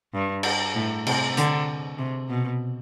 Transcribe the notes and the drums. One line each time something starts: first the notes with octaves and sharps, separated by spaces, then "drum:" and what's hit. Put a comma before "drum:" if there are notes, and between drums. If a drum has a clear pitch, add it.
G2
drum: cymbal
A2
C3, drum: cymbal
D3, drum: hi-hat
C3
B2